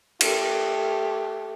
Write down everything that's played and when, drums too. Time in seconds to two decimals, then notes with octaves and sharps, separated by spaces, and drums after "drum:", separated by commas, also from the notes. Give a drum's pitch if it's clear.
0.21 A3 G4, drum: cymbal